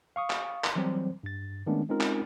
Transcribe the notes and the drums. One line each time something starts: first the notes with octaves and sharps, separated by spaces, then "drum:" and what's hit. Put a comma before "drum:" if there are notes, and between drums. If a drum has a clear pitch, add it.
F5 C#6 D#6
drum: clap
drum: clap
E3 F#3 G3 C4 C5
G2 A6
D#3 G#3 A3 B3 C#4 D4
G#3 C4 C#4 D#4 F4 A#4
drum: clap